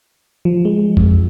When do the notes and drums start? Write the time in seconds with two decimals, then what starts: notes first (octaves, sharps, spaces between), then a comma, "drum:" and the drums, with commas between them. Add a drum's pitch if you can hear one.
0.45 F3
0.65 G#3
0.97 F2, drum: kick